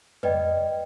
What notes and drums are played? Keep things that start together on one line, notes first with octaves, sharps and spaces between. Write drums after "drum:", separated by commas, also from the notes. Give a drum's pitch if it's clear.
B4 D5 D#5 G5, drum: tom F2